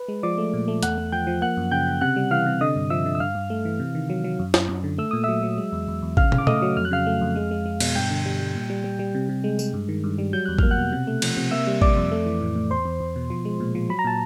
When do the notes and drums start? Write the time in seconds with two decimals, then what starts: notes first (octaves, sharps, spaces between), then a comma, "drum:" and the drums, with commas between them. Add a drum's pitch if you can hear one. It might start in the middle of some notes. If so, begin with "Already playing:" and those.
Already playing: B4
0.08 G#3
0.23 F3 D5 D6
0.38 A3
0.53 A#2
0.68 A3
0.83 E2 F#5 F#6, drum: hi-hat
0.97 A3
1.12 F3 G5 G6
1.27 F3
1.42 A#3 F#5 F#6
1.57 F#2
1.71 C#3 G5 G6
1.87 C#3
2.01 C3 F#5 F#6
2.16 G3
2.31 E3 F5 F6
2.46 C3
2.61 D3 D#5 D#6
2.76 G2
2.90 F3 E5 E6
3.06 D3
3.15 E6
3.20 G2 F5 F6
3.35 G2
3.50 A3
3.65 E3
3.79 C3
3.95 D#3
4.10 F#3
4.24 F#3
4.39 F#2
4.54 F#2, drum: snare
4.69 F#2
4.84 D3
4.98 A3 E6
5.11 A#2 D#6
5.24 F#3 E5 E6
5.43 F#3
5.58 G#3
5.72 E2
5.88 E2
6.02 E2
6.17 C#3 F5 F6, drum: kick
6.32 C#3, drum: tom
6.38 D6
6.47 A3 D#5 D#6, drum: tom
6.62 F#3
6.76 F2 F6
6.85 F#6
6.91 C#3 F5 F6
7.07 A3
7.21 F2
7.36 G#3
7.51 G#3
7.66 G#3
7.80 B2, drum: cymbal
7.95 G2 G5 G6
8.10 D3
8.25 G3
8.40 G3
8.55 A#2
8.70 G3
8.84 G3
8.99 G3
9.14 C3
9.29 C3
9.44 G#3
9.59 G#3, drum: tambourine
9.74 G2
9.89 D#3
10.04 G2
10.18 G3
10.33 F#3 G6
10.46 E2 F#6
10.59 A#3 F6, drum: kick
10.71 F#5 F#6
10.78 B2
10.92 C3
11.07 A3
11.22 F3, drum: cymbal
11.37 C3
11.51 A#3 E5 E6
11.67 G3
11.82 G3 D5 D6, drum: kick
11.97 F2
12.12 A3
12.26 E3
12.41 A2
12.56 A2
12.71 E2 C5 C6
12.85 E2
13.01 E2
13.16 B2
13.30 F3
13.45 G#3
13.60 A#2
13.75 F3
13.89 F#3 B5
13.99 A#5
14.04 A#2 A5